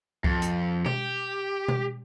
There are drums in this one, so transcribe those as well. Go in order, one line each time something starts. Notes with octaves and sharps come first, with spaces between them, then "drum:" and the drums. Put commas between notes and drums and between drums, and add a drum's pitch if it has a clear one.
F2, drum: kick C2
drum: hi-hat
G4, drum: tom B2
drum: tom B2